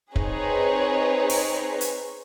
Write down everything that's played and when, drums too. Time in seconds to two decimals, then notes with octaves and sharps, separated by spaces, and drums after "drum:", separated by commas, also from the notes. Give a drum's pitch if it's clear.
0.16 C4 D#4 G#4 B4 C#5, drum: kick
1.30 drum: open hi-hat
1.81 drum: hi-hat